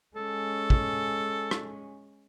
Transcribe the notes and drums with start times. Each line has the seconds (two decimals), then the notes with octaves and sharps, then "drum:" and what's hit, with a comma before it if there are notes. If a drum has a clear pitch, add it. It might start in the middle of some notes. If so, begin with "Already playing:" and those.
0.16 G#3 C#4 A4
0.70 drum: kick
1.51 drum: rim click